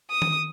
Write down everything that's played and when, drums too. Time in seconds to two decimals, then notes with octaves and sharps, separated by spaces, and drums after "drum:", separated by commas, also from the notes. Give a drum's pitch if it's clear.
0.11 D#6
0.22 drum: tom D#3